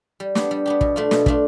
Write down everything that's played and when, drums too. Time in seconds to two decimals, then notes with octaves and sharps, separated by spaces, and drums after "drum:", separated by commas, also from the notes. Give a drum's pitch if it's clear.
0.20 G3
0.35 B3 D4 G4, drum: snare
0.51 G3
0.66 B3 D4 G4
0.81 B2, drum: kick
0.96 A3 D4 F4
1.11 B2, drum: snare
1.26 A3 D4 F4, drum: kick